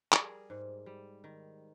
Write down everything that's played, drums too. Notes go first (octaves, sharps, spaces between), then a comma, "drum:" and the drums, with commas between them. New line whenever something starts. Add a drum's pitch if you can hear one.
G3 G#4 A#4, drum: clap
G#2
G3
D#3